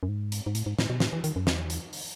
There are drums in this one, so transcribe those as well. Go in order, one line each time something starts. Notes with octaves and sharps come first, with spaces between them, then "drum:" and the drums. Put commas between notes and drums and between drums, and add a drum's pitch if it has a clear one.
F#2
G#2
drum: hi-hat
G#2
A2, drum: hi-hat
G#2
A2, drum: snare
B2
A2, drum: snare
E3
D#3, drum: hi-hat
F#2
E2, drum: snare
drum: hi-hat
drum: open hi-hat